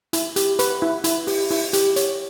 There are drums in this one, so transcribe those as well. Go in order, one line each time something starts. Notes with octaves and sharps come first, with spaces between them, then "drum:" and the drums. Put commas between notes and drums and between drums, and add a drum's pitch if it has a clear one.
E4, drum: hi-hat
G4, drum: hi-hat
B4, drum: hi-hat
E4
E4, drum: hi-hat
G4, drum: open hi-hat
E4, drum: open hi-hat
G4, drum: hi-hat
C#5, drum: hi-hat